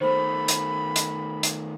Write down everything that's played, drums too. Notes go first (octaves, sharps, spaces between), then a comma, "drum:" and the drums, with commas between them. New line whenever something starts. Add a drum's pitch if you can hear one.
D#3 A3 C5 B5
drum: hi-hat
drum: hi-hat
drum: hi-hat